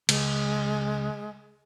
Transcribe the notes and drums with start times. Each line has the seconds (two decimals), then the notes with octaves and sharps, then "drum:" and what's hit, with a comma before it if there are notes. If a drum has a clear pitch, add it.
0.09 C#2 G#3, drum: cymbal